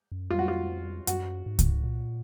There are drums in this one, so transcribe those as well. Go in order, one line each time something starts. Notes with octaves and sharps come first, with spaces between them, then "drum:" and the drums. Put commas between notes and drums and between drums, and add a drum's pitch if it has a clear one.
F#2
F2 F4
F#4
F4
F#2 F#4, drum: hi-hat
G#2
drum: kick C#2, hi-hat
A#2